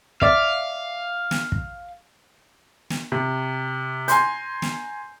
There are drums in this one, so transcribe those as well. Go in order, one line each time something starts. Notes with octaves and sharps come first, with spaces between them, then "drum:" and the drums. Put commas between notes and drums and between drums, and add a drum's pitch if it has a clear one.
D5 E5 F5, drum: kick
drum: snare
drum: kick
drum: snare
C3
G#5 A#5 C6 G6, drum: hi-hat
drum: snare